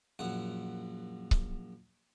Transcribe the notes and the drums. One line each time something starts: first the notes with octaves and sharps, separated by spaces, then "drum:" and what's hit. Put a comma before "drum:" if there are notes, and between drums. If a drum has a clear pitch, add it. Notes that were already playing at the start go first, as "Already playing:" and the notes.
A#1 F#2 F#5
drum: kick C#1